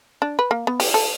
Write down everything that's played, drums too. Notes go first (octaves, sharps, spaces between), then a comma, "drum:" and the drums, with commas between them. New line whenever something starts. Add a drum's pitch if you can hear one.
D4
B4
A#3
B3
G4, drum: open hi-hat
A4